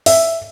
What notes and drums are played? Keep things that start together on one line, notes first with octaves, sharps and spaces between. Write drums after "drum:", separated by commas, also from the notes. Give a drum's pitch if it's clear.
E5, drum: open hi-hat